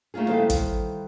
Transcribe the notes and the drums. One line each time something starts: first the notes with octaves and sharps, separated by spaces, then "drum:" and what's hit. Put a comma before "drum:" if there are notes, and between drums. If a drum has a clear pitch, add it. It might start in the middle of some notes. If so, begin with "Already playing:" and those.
A3 A#3 D#4 F4 G#4
D#3 E3 G3 A4 C5 F5
drum: kick, hi-hat